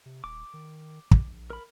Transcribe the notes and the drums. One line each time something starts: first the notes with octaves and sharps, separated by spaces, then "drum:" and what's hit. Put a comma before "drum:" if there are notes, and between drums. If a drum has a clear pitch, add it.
C3
D#1 D6
D#3
drum: kick
A#1
A#4 B5